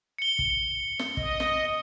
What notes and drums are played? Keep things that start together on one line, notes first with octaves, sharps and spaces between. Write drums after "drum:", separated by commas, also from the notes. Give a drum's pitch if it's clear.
C#7 G7
drum: kick
drum: snare
D#5, drum: kick
drum: snare